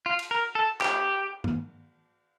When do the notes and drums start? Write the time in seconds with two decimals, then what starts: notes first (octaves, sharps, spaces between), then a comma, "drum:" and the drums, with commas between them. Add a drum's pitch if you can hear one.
0.06 F4
0.19 drum: cymbal
0.31 A#4
0.55 A4
0.81 G4, drum: clap
1.44 drum: tom G2